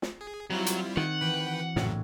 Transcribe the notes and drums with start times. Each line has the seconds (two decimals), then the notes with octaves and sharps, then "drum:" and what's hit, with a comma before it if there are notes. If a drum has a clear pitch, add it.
0.02 drum: snare
0.21 G#4
0.50 F#3 G3 C4 E4 F4
0.66 drum: hi-hat
0.97 D#3 F#5
1.21 E3 F#4 B4 G5
1.76 A#1 F#2 A2 C#3 F#3, drum: snare